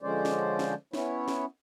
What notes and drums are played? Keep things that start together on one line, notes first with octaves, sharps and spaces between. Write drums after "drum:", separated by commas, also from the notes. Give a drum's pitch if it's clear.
D3 F3 G#3 C#4 C5 D5
drum: snare
drum: snare
B3 C#4 E4 C#5, drum: snare
drum: snare